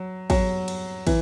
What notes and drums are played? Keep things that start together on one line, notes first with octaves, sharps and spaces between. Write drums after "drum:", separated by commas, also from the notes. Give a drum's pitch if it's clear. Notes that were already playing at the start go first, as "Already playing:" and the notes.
Already playing: F#3
F#3, drum: kick, cymbal
drum: cymbal
E3, drum: kick, cymbal